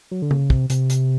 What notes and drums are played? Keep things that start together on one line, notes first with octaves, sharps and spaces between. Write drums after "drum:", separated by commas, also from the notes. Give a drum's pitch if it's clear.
F#3
D3
C#3, drum: tom C#3
C3, drum: kick
C3, drum: hi-hat
drum: hi-hat